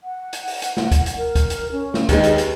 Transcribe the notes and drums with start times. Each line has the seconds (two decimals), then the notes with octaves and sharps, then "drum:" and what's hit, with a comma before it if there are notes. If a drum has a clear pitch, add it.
0.04 F#5
0.33 drum: hi-hat
0.47 drum: open hi-hat
0.62 drum: hi-hat
0.77 drum: snare
0.91 drum: kick C#2, hi-hat
1.06 drum: hi-hat
1.17 A#4
1.35 drum: kick C#2, hi-hat
1.50 drum: hi-hat
1.72 C#4
1.94 drum: snare
2.09 D#2 G#3 D#4 B4, drum: kick C#2, hi-hat
2.23 drum: hi-hat
2.38 drum: hi-hat